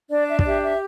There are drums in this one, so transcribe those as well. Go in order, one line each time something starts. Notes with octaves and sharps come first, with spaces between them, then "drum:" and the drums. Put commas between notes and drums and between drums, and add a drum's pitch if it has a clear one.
D4 D5
E5
D5, drum: kick
G4 E5
E5